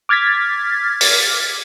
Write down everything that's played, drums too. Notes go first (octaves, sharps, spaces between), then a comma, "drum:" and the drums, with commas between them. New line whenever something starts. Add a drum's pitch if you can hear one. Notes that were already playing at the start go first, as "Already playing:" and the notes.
D6 F6 G#6 A6 B6
drum: open hi-hat